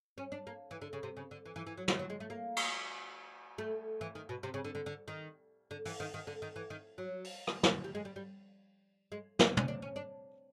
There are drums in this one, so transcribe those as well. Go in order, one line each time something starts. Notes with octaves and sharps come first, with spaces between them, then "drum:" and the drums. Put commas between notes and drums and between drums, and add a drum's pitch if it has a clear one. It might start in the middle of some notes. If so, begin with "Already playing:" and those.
C#4
D4
A#3
E3
D3
C#3
C3
C#3
D3
E3
E3
E3
F#3
G3, drum: snare
F#3
G#3
A3
A#3
drum: cymbal
A3
E3
D#3
B2
C3
C#3
D3
D3
D3
D#3
D3
E3, drum: open hi-hat
D#3
D#3
D3
D#3
E3
D#3
F#3
drum: open hi-hat
drum: rim click
drum: snare
G3
G#3
G3
G3
G#3
C4, drum: snare
C#4, drum: tom
D4
C#4
D4